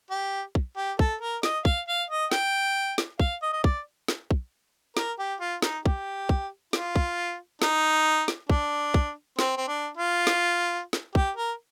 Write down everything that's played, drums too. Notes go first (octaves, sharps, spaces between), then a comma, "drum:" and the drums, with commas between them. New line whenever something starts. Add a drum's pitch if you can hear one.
G4
drum: kick
G4
A4, drum: kick
A#4
D#5, drum: snare
F5, drum: kick
F5
D#5
G5, drum: snare
drum: snare
F5, drum: kick
D#5
D#5
D5, drum: kick
drum: snare
drum: kick
A#4, drum: snare
G4
F4
D#4, drum: snare
G4, drum: kick
drum: kick
F4, drum: snare
drum: kick
D#4, drum: snare
drum: snare
D4, drum: kick
drum: kick
C4, drum: snare
C4
D4
F4
drum: snare
drum: snare
G4, drum: kick
A#4